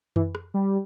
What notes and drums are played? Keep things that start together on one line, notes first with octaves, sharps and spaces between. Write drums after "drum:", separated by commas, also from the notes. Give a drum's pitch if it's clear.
E3, drum: tom F#2
drum: rim click
G3